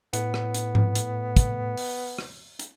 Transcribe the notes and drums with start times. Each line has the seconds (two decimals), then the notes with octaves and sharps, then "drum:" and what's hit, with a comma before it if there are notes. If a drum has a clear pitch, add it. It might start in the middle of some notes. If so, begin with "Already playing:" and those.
0.13 A2 B3, drum: hi-hat
0.34 drum: rim click
0.54 drum: hi-hat
0.75 drum: tom G#2
0.95 drum: hi-hat
1.36 drum: kick, hi-hat
1.77 drum: open hi-hat
2.18 drum: rim click
2.60 drum: hi-hat